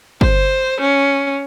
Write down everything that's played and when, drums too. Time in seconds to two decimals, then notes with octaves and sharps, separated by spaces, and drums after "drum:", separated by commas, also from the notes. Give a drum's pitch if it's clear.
0.21 C5, drum: kick G1
0.81 C#4